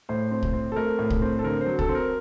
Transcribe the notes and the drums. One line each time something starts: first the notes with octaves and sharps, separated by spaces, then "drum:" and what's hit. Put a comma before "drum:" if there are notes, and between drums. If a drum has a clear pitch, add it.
A2 C5
C4
drum: kick
C4
A4
A3 A#4
A2
drum: kick
C4
A4
D3 A#4
C5
F#3
A4, drum: kick
C4
A#4